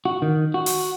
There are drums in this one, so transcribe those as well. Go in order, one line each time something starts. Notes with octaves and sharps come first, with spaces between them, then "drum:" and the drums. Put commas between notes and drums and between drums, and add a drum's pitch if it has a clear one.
F#4
D#3
F#4
drum: open hi-hat